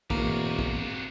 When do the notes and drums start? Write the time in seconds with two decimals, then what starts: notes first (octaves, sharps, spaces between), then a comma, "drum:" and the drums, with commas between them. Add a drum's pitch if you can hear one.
0.10 E1 C3 A#3 F#4, drum: kick
0.59 drum: kick